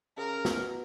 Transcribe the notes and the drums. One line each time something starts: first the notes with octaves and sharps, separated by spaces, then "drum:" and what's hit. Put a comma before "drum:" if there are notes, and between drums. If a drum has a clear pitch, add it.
C#3 A#4
drum: snare
B2